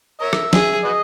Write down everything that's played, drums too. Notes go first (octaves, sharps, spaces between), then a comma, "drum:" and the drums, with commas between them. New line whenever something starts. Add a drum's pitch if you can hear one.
A#4 C#5 E5
drum: rim click
G#4, drum: snare
F#4 B4 D#5